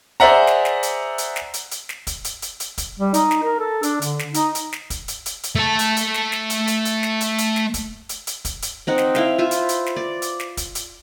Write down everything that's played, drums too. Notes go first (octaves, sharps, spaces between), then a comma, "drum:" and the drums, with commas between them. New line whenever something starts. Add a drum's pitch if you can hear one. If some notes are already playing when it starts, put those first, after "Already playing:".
G#4 C5 D5 E5 F#5 A#5
drum: snare
drum: snare
drum: hi-hat
drum: hi-hat
drum: snare
drum: hi-hat
drum: hi-hat
drum: snare
drum: kick, hi-hat
drum: hi-hat
drum: hi-hat
drum: hi-hat
drum: kick, hi-hat
G3
D#4, drum: hi-hat
drum: snare
A#4
A4
D4, drum: hi-hat
D3, drum: hi-hat
drum: snare
D#4, drum: hi-hat
drum: hi-hat
drum: snare
drum: kick, hi-hat
drum: hi-hat
drum: hi-hat
drum: hi-hat
A3 A5
drum: hi-hat
drum: hi-hat
drum: snare
drum: snare
drum: hi-hat
drum: hi-hat
drum: hi-hat
drum: snare
drum: hi-hat
drum: hi-hat
drum: snare
drum: kick, hi-hat
drum: hi-hat
drum: hi-hat
drum: kick, hi-hat
drum: hi-hat
C4 D#4 F#5
drum: snare
E4 F5 G5, drum: snare
F4 B4 C5 E5
drum: hi-hat
drum: hi-hat
drum: snare
D5
drum: hi-hat
drum: snare
drum: kick, hi-hat
drum: hi-hat